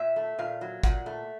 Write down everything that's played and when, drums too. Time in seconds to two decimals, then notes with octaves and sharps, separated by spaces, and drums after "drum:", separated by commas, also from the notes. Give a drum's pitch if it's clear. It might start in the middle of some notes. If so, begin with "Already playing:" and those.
Already playing: A#2 E5
0.16 A3
0.38 A#2 F5
0.61 F#3
0.83 A#2 F#5, drum: kick, hi-hat
1.06 A3